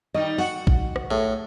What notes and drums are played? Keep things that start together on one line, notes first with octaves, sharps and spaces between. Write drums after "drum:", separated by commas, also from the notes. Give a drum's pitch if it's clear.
D#3 G3 D#4 D#5
F#4 F#5
drum: kick A#1
drum: rim click
A2 G#4